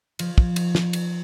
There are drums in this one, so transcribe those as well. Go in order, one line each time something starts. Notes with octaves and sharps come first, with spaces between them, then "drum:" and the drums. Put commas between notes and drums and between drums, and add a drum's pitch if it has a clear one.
F3, drum: cymbal
drum: kick
drum: cymbal
drum: snare
drum: cymbal